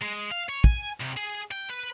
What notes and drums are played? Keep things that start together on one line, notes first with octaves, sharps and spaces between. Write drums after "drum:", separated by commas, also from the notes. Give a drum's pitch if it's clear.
G#3
F5
C#5
G#5, drum: kick
C2
G#4
G5
B4